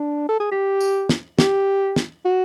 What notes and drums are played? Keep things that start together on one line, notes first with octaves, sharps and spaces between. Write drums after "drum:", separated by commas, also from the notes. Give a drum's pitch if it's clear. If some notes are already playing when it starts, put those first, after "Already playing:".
Already playing: D4
A4
G#4
G4
drum: tambourine
drum: snare
G4, drum: snare
drum: snare
F#4